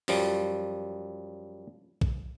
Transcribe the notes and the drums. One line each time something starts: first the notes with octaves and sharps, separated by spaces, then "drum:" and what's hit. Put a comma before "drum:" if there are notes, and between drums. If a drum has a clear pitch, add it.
F#2 F3 G3, drum: open hi-hat
drum: kick B1